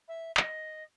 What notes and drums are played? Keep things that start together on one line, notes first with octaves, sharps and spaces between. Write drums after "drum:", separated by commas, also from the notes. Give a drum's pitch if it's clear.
E5
D#5, drum: clap